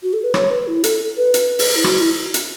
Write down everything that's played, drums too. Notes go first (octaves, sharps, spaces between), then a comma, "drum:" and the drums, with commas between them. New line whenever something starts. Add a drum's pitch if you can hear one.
F#4
A4
B4
C#5, drum: rim click
B4
E4
A4, drum: hi-hat
B4
drum: hi-hat
drum: open hi-hat
E4
F#4, drum: rim click
E4
drum: hi-hat